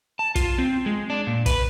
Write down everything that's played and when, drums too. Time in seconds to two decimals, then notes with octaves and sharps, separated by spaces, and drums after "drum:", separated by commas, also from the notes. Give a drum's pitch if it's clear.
0.19 A5
0.36 F4, drum: kick, hi-hat
0.58 C4
0.86 G#3
1.10 D4
1.27 A#2
1.46 B4, drum: kick, hi-hat